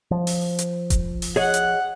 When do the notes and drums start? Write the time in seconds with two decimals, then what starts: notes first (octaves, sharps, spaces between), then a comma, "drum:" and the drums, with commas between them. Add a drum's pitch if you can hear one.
0.11 F3
0.27 drum: open hi-hat
0.59 drum: hi-hat
0.90 drum: kick E1, hi-hat
1.22 drum: open hi-hat
1.36 G#4 C#5 D#5 F#5
1.54 drum: hi-hat